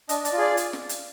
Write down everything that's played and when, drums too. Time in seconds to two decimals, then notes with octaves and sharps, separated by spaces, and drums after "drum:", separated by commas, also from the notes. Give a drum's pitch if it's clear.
0.09 D4 D#5, drum: hi-hat
0.25 D5, drum: hi-hat
0.32 F4
0.38 G#4 D5
0.57 drum: hi-hat
0.73 drum: snare
0.89 drum: hi-hat